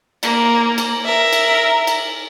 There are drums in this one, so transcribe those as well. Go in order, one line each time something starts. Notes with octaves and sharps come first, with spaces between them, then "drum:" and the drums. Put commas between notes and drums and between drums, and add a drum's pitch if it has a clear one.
A#3, drum: cymbal
drum: cymbal
A#4 E5
drum: cymbal
drum: cymbal